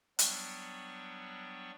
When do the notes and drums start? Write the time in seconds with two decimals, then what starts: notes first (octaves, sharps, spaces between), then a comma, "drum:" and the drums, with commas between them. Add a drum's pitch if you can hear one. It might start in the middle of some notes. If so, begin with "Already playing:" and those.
0.19 F#3 G3 B3 D4 G5 C#6, drum: hi-hat